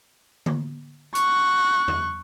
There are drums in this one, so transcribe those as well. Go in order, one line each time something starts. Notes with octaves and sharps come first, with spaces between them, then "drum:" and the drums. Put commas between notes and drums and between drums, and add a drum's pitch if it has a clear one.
drum: tom D3
C#6 F#6, drum: hi-hat
drum: tom E2